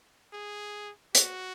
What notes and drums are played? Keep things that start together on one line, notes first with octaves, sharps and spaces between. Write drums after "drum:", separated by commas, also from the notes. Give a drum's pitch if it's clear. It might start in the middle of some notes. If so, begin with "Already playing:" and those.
G#4
F#4, drum: hi-hat